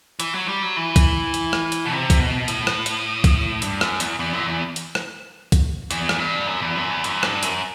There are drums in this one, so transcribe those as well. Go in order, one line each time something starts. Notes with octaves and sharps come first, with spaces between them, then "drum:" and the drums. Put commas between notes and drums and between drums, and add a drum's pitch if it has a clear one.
E3, drum: hi-hat
F#3
G3
F#3
E3
drum: kick B1, hi-hat
drum: hi-hat
drum: rim click
drum: hi-hat
B2
C3
drum: kick B1, hi-hat
B2
A2, drum: hi-hat
drum: rim click
drum: hi-hat
drum: kick B1, hi-hat
G2, drum: hi-hat
F#2, drum: rim click
E2, drum: hi-hat
E2
F#2
E2
drum: hi-hat
drum: rim click
drum: kick B1, hi-hat
E2, drum: hi-hat
drum: rim click
G2
F#2
E2
F#2
E2
F#2, drum: hi-hat
G2, drum: rim click
F#2, drum: hi-hat